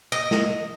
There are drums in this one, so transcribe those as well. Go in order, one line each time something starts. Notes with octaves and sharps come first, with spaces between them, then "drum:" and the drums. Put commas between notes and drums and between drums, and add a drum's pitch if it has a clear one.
D#5
drum: snare